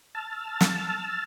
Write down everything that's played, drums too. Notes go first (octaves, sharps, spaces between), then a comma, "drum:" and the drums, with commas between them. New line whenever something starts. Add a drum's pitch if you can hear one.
A5 E6 F6 A6
drum: snare